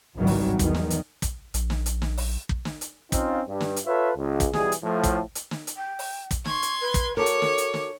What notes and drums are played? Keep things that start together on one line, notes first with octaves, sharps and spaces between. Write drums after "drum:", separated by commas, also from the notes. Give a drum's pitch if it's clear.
G#1 C#2 D#3 E3 F#3 G3
drum: open hi-hat
E2 D#3, drum: kick, hi-hat
drum: snare
drum: hi-hat
drum: kick, hi-hat
A#1, drum: hi-hat
drum: snare
drum: hi-hat
drum: snare
drum: open hi-hat
drum: kick
drum: snare
drum: hi-hat
C4 C#4 D#4 F4, drum: kick, hi-hat
G2
drum: snare
drum: hi-hat
F4 A4 B4 C#5 E5
C#2
drum: kick, hi-hat
B2 E3 G3 G#4, drum: snare
drum: hi-hat
A2 F3
drum: kick, hi-hat
drum: hi-hat
drum: snare
drum: hi-hat
G5
drum: open hi-hat
drum: kick, hi-hat
C6 C#6 G#6, drum: snare
drum: hi-hat
B4
drum: kick, hi-hat
F#4 A4 A#4 C#5 D6
drum: hi-hat
drum: snare
drum: hi-hat
drum: snare